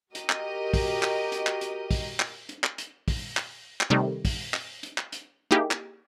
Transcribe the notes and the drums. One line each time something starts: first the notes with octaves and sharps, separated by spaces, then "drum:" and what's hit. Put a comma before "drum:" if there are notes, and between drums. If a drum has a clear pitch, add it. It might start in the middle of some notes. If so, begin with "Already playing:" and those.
F#4 G4 A#4 D#5, drum: hi-hat
drum: clap
drum: kick, open hi-hat
drum: clap
drum: hi-hat
drum: clap
drum: hi-hat
drum: kick, open hi-hat
drum: clap
drum: hi-hat
drum: clap
drum: hi-hat
drum: kick, open hi-hat
drum: clap
drum: clap
C3 D#3 G3 A3
drum: kick, open hi-hat
drum: clap
drum: hi-hat
drum: clap
drum: hi-hat
A#3 D#4 E4 G4 G#4
drum: clap